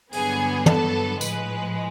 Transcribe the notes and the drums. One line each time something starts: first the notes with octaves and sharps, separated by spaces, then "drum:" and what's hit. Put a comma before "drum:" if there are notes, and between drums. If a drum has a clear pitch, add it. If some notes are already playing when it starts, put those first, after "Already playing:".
G2 D3 F#3 B3 G#4, drum: open hi-hat
A4, drum: tom
A2 F3 G#3 B4, drum: tambourine